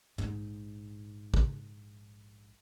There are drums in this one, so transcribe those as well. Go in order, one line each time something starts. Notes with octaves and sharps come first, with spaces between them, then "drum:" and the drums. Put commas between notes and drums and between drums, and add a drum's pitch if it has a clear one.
A#1 G#2, drum: tom
drum: kick